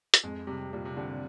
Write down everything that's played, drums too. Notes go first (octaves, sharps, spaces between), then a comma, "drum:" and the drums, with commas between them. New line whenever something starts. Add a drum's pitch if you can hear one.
drum: hi-hat
F2 G#3
C3 G3
A#2 G3
C3
D3 G3
A#2